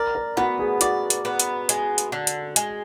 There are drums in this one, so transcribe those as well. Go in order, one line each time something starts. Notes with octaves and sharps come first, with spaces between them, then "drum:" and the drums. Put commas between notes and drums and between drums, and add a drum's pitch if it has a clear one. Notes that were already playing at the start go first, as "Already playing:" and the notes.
Already playing: A#4 D5
A#4
B3 F#4
G#4
F#4 D5, drum: hi-hat
drum: hi-hat
B3
drum: hi-hat
G#3, drum: hi-hat
drum: hi-hat
D3
drum: hi-hat
G#3, drum: hi-hat